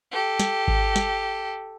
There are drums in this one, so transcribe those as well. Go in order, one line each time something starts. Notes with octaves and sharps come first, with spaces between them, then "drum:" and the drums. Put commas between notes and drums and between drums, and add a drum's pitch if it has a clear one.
G4 A4
drum: snare
drum: kick G#1
drum: snare